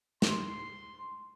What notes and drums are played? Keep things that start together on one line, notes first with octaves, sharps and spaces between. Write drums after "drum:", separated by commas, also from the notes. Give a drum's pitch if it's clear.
C6, drum: snare